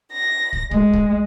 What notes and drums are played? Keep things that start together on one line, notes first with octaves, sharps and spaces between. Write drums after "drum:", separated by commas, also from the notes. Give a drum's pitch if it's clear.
A#6
drum: kick
G#3, drum: kick
drum: kick